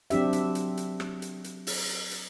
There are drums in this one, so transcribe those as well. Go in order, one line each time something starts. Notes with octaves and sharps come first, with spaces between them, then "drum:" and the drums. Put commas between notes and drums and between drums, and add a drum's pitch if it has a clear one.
F#3 C4 D4 G4 E5, drum: hi-hat
drum: hi-hat
drum: hi-hat
drum: hi-hat
drum: rim click
drum: hi-hat
drum: hi-hat
drum: open hi-hat
drum: hi-hat
drum: hi-hat